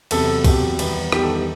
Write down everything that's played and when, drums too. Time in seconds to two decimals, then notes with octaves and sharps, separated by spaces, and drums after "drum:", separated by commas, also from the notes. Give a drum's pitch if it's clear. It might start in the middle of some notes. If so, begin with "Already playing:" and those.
0.11 E2 C3 F#3 A4, drum: cymbal
0.44 E2 C3 F#3 G4, drum: kick C2, cymbal
0.79 E2 D#3 G3 B3 D#4, drum: cymbal
1.12 E2 D#3 G3 B3 D#4 G4, drum: rim click
1.23 A4
1.35 G4